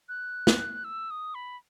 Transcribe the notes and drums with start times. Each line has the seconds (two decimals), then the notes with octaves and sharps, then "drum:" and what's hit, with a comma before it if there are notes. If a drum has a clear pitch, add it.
0.08 F#6
0.47 drum: snare
0.84 E6
1.10 D#6
1.35 B5